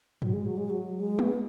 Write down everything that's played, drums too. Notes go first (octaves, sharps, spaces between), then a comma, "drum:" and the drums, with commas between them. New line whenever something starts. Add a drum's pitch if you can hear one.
F#3, drum: tom G2
G#3
F#3
G#3
F#3
G#3
B3, drum: tom G#3